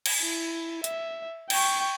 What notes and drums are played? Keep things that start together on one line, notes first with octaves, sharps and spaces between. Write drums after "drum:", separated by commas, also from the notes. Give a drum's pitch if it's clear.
drum: cymbal
E4
E5, drum: hi-hat
G5 C#6, drum: cymbal